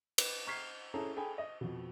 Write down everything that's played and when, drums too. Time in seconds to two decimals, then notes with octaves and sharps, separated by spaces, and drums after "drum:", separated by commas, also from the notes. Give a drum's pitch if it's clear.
0.18 B4, drum: cymbal
0.47 A#5 C#6 F6 G#6 B6 C7
0.94 C#4 E4 G#4 A4 A5 A#5
1.16 G#4 A4 G5 G#5 B5
1.38 D#5
1.61 F2 B2